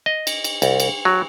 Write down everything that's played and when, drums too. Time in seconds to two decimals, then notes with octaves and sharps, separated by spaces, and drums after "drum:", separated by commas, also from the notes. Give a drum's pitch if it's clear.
0.06 D#5
0.27 drum: cymbal
0.44 drum: cymbal
0.62 C2, drum: cymbal
0.80 drum: cymbal
1.05 F#3